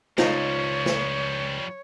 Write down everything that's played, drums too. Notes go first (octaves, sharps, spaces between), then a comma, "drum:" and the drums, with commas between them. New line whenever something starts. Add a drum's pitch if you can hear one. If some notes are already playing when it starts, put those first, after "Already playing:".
C#2 F3 G3 D#4 F4 C#5, drum: snare
drum: snare